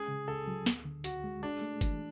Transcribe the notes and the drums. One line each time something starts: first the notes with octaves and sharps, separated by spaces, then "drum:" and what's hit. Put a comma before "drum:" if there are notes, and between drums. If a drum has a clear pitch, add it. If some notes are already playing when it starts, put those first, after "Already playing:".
Already playing: G#3 C#4 G#4
C#3
C#2 A4
F#3
D2, drum: snare
D3
D2 F#4, drum: hi-hat
G#3
D4 G#4
A3
E3, drum: kick G1, hi-hat